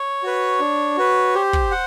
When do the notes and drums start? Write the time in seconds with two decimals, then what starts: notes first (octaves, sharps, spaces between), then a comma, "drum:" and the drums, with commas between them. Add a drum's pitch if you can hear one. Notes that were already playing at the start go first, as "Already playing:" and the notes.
Already playing: C#5
0.23 F#4 B4
0.59 D4
0.97 F#4 B4
1.35 G4 C5
1.53 drum: kick
1.71 F#5